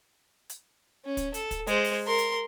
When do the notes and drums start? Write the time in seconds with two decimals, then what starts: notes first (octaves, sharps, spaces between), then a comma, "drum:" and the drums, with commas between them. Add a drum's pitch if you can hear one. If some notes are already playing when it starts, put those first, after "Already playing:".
0.49 drum: hi-hat
1.05 C#4
1.17 drum: kick, hi-hat
1.34 A4, drum: hi-hat
1.51 drum: kick, hi-hat
1.67 G#3 C5, drum: hi-hat
1.85 drum: open hi-hat
2.06 A#4 C6
2.18 drum: hi-hat